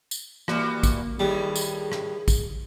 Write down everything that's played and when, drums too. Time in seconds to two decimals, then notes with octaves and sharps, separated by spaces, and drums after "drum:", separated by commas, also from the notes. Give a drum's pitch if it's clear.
0.11 drum: tambourine
0.48 E3 G3 A#3 F#4, drum: rim click
0.83 drum: kick, tambourine
1.19 A2 D#3 G3 G#4
1.56 drum: tambourine
1.92 drum: rim click
2.28 drum: kick, tambourine